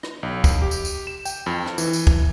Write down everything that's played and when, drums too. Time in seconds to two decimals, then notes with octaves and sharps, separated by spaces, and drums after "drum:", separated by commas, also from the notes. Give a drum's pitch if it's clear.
0.03 drum: rim click
0.23 B1
0.44 drum: kick, tambourine
0.62 G4
0.71 drum: tambourine
0.85 drum: tambourine
1.07 E7
1.25 G5, drum: tambourine
1.46 F2
1.66 drum: rim click
1.78 E3, drum: tambourine
1.93 drum: tambourine
2.07 drum: kick